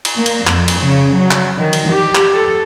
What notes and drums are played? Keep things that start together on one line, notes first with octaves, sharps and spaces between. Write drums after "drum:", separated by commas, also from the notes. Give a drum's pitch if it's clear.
drum: cymbal
A#3
drum: cymbal
F2, drum: clap
drum: cymbal
C#3
F#3
drum: clap
D#3
drum: cymbal
G4
drum: clap
A4